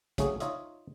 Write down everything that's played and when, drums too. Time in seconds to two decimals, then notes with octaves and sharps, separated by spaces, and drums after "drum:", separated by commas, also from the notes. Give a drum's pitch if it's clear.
0.18 C#3 F#3 A3 C#4 G#4, drum: kick, hi-hat
0.40 D#4 F4 C#5 D#5 E5, drum: hi-hat